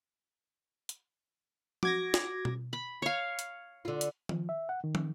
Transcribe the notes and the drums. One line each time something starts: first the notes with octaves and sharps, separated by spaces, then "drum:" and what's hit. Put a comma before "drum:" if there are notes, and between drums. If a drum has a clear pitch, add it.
drum: hi-hat
F#4 D6 G#6 A#6, drum: tom
drum: snare F4
drum: tom B2
B5
C#5 F5
drum: hi-hat
D3 F4
drum: hi-hat
F3, drum: tom D#3
E5
F#5
D#3
drum: tom